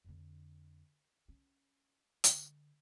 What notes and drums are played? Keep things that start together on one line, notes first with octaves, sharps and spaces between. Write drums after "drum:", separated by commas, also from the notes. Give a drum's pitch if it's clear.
F2 D3
C#4
D3 G#3, drum: hi-hat